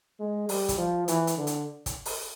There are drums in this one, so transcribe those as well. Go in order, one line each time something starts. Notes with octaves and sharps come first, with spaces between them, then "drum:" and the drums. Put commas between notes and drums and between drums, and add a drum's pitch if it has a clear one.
G#3
G3, drum: open hi-hat
drum: kick, hi-hat
F3
E3, drum: hi-hat
drum: hi-hat
D3
drum: hi-hat
drum: kick, hi-hat
drum: open hi-hat